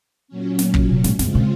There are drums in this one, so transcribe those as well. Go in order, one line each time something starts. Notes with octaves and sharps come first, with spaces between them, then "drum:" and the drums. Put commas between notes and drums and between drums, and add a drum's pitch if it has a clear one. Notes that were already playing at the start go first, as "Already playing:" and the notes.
A#2 F#3 C#4
drum: snare
C#3, drum: kick
C3
G#2, drum: snare
F#2 C#3 G#3 C4 F4, drum: snare
A#2